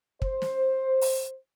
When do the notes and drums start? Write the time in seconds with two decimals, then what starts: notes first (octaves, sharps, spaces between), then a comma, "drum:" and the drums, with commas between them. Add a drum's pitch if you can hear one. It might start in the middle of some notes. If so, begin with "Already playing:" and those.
0.22 C5, drum: kick
0.42 drum: snare
1.01 drum: open hi-hat